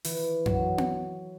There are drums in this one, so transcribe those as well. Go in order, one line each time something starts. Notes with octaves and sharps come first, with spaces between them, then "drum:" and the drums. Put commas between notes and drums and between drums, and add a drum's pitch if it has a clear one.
E3, drum: open hi-hat
F#3, drum: tom F#2
drum: tom B3